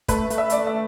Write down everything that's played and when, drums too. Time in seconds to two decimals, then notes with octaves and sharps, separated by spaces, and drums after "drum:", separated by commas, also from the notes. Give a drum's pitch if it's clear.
0.08 A3 B4, drum: kick, hi-hat
0.30 A3, drum: hi-hat
0.38 E5
0.50 A3 D5, drum: hi-hat
0.67 E5